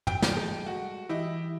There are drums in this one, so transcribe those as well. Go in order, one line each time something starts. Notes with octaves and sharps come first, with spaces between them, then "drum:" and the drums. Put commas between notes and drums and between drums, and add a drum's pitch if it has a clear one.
G5, drum: tom
drum: snare
G3 G#3 A4
F#4
E3 E4 G4 D#5